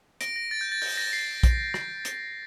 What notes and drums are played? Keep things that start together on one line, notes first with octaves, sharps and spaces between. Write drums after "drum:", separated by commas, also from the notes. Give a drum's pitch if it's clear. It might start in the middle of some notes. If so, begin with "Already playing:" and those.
A#6 D7, drum: hi-hat
A#6
A6
G6
A6
G6, drum: open hi-hat
A#6
C7
drum: kick A#1, hi-hat
drum: rim click
drum: hi-hat